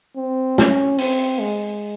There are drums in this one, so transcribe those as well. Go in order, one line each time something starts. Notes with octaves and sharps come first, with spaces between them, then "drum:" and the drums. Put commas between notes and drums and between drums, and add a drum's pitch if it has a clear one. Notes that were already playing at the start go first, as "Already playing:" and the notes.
C4
C#4, drum: snare
C4, drum: open hi-hat
G#3